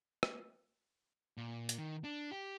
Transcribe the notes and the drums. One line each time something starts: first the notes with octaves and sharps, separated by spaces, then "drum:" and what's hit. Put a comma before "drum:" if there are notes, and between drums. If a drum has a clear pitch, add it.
drum: rim click
A#2
drum: hi-hat
D#3
D4
G4